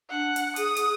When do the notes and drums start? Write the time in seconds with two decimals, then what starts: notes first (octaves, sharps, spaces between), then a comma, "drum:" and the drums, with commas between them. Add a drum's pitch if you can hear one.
0.10 D4 F#5
0.36 drum: hi-hat
0.56 G#4 D#6, drum: hi-hat
0.77 drum: hi-hat